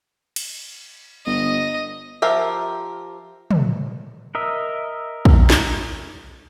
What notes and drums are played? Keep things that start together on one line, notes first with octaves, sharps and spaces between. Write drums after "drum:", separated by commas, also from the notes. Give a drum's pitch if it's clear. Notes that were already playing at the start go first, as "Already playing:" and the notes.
drum: cymbal
G1 D#5
F3 G4 A#4 E5
drum: tom
A#4 D#5 E5
drum: kick
drum: snare